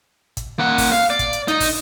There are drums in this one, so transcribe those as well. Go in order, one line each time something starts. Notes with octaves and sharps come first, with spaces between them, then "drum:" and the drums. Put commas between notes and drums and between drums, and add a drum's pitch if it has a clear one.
drum: kick, hi-hat
A#3 F#5
drum: kick, open hi-hat
F5, drum: snare
D5
drum: kick, hi-hat
drum: hi-hat
D#4, drum: hi-hat
drum: kick, open hi-hat